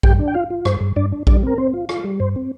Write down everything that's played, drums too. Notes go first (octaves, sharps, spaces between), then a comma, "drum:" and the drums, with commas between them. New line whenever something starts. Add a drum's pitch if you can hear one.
G2 G4 G5, drum: kick A#1
D4
G5
F4 F5
F4
G2 C5, drum: rim click
G2
G2 D4 D5
D4
G3 D4 D5, drum: kick A#1
C4 A#4
C4 C5
F4
F4, drum: rim click
G3
G2 C5
C4